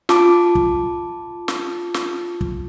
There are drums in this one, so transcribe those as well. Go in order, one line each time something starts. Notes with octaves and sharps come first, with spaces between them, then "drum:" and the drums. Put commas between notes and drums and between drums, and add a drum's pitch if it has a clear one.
F4 A5 D6, drum: snare
drum: kick
drum: snare
drum: snare
drum: kick